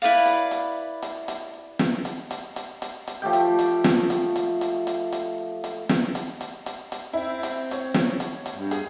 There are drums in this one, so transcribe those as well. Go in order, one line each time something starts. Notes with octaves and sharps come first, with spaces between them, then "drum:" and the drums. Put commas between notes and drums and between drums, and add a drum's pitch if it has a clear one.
E4 B4 D5 F5
drum: hi-hat
drum: hi-hat
drum: hi-hat
drum: hi-hat
drum: snare
drum: hi-hat
drum: hi-hat
drum: hi-hat
drum: hi-hat
drum: hi-hat
F3 A3 G4 G5
drum: hi-hat
drum: hi-hat
drum: snare
drum: hi-hat
drum: hi-hat
drum: hi-hat
drum: hi-hat
drum: hi-hat
drum: hi-hat
drum: snare
drum: hi-hat
drum: hi-hat
drum: hi-hat
drum: hi-hat
C4 E4
drum: hi-hat
C#5, drum: hi-hat
drum: snare
drum: hi-hat
drum: hi-hat
G2
G#4, drum: hi-hat